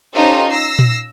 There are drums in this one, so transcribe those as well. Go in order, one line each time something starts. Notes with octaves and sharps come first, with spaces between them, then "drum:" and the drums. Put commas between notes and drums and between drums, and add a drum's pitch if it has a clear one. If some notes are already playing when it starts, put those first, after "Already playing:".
C#4 D#4 F4 G4 A4 C5
E6 A#6 C7
drum: tom A#2